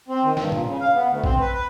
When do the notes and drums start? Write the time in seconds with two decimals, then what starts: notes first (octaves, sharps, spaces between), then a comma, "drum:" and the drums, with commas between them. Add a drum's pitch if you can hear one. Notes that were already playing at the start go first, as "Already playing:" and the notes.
0.08 C4
0.24 D#3
0.37 G2, drum: snare
0.52 A#2, drum: tom A#2
0.66 C#3
0.81 F5
0.95 B3
1.08 D2
1.24 C4, drum: kick A#1
1.40 B4
1.54 B4